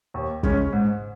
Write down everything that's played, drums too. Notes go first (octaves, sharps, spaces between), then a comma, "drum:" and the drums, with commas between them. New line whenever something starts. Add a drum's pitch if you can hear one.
D#2
C#3 G#3 C#4, drum: kick
G#2